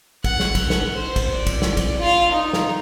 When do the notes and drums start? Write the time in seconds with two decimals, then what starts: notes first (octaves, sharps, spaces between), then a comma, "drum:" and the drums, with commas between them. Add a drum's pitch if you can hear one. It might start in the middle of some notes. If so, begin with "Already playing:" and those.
0.24 F#5, drum: kick, cymbal
0.40 drum: snare
0.55 drum: kick, cymbal
0.70 drum: snare
0.94 C5
1.16 drum: kick, cymbal
1.36 D5
1.47 drum: kick, cymbal
1.62 drum: snare
1.77 drum: kick, cymbal
2.00 F4 F5
2.31 D#4
2.53 drum: snare